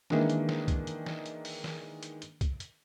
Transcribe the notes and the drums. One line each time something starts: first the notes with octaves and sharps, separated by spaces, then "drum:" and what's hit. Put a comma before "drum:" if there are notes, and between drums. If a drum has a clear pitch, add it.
D#3 E3 G#3 A#3 D4, drum: snare
drum: hi-hat
drum: snare
drum: kick, hi-hat
drum: hi-hat
drum: snare
drum: hi-hat
drum: open hi-hat
drum: snare
drum: hi-hat
drum: hi-hat
drum: kick, hi-hat
drum: hi-hat